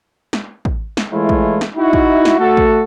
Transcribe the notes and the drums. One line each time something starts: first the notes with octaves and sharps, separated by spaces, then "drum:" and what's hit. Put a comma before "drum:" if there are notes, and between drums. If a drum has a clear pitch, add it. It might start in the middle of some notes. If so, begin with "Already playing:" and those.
drum: snare
drum: kick
drum: snare
E3 G#3 A3 E4 F4 C#5
drum: kick
drum: snare
D#4 E4 F#4
drum: kick
drum: snare
A3 F#4 A4
drum: kick